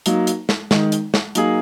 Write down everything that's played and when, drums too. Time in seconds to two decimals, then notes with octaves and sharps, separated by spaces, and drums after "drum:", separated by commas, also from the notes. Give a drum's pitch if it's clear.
0.06 F#3 A#3 D#4, drum: hi-hat
0.27 drum: hi-hat
0.49 drum: snare
0.71 D#3 G#3 D#4, drum: snare
0.92 drum: hi-hat
1.14 drum: snare
1.35 F#3 A#3 D#4 G#4, drum: hi-hat